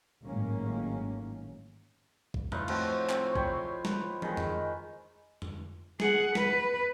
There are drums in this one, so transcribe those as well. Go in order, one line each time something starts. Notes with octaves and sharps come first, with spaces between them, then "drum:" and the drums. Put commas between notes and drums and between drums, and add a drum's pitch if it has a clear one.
G#1 A2 D#3 F#3 A#3 C#4
drum: kick
A2 D#4 F4 B4, drum: tom F2
F3 C4 F#4, drum: cymbal
C4 C#6, drum: clap
C#5 G5 B5 C6, drum: kick
B4, drum: snare
D#3 G#3 B5, drum: tom
drum: tom F2
drum: tom F2
G#4 F#5, drum: snare
B4, drum: snare